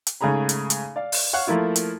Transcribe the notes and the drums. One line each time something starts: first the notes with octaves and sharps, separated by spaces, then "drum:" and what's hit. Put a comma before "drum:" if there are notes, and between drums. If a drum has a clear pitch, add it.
drum: hi-hat
G#2 C#3 A3 G#4 A#5 B5
drum: hi-hat
drum: hi-hat
D5 F5
drum: open hi-hat
C#5 F5 F#5
F3 A3 A#3 E4 F4
drum: hi-hat